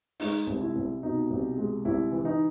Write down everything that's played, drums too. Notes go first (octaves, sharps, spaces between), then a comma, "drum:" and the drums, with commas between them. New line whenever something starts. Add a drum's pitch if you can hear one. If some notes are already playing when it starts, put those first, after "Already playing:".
G#3 D#4, drum: open hi-hat
C2
E4
C2
B2 D#4
C2
G#3
C2 E4
E3
D#4